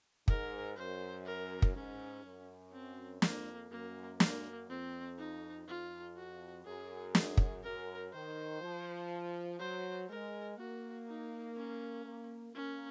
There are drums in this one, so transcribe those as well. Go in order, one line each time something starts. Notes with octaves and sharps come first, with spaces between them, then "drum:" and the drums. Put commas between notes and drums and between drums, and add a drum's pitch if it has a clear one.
G#2 A#4, drum: kick
F#2 C5
A#4
drum: kick
G#2 C#4
F#2
C4
F2 A#3, drum: snare
F#2 A#3
A#3, drum: snare
F2 C4
D#4
F2 F4
F#4
F#2 G#4
G#4, drum: snare
drum: kick
F#2 A#4
D#3 C5
F3
F#3 C5
G#3 A#4
A#3 F#4
D#4
C#4
A#3
A#3 C#4